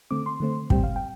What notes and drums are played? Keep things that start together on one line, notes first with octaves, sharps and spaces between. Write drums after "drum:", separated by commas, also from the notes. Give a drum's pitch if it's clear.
D3 A3 C4 D6
C6
D3 A3 C4
A2 G3 C4 G5, drum: kick
F5
G5